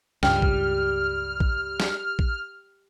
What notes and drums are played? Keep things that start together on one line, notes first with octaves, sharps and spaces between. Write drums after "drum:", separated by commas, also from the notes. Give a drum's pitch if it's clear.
C#2 G2 G3 G5 F6, drum: snare
drum: kick A1
drum: kick A1
drum: snare
drum: kick A1